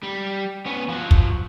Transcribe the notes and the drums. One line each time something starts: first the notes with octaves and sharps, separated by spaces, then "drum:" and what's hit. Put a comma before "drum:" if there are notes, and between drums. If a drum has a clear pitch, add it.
G3
B3 C#4
F3 F#4
drum: kick